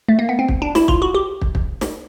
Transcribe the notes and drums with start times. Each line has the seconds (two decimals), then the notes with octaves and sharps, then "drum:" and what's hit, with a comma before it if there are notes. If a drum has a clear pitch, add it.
0.08 A3
0.19 A#3
0.29 B3
0.39 C4
0.48 drum: kick
0.62 D4
0.75 E4, drum: snare
0.88 F4, drum: kick
1.02 F#4
1.15 G4
1.41 drum: kick
1.55 drum: kick
1.81 drum: snare